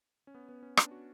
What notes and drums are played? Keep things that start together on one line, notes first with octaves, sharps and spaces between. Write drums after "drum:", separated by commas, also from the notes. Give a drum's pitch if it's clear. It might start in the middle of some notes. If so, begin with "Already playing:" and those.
C#4
B3
B3
C#4
D4, drum: rim click
F#4